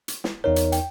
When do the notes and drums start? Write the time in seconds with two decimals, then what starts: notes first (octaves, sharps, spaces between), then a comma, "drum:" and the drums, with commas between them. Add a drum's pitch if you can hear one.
0.08 drum: hi-hat
0.24 drum: snare
0.44 E2 D#4 A#4 C#5
0.56 drum: hi-hat
0.72 G5, drum: hi-hat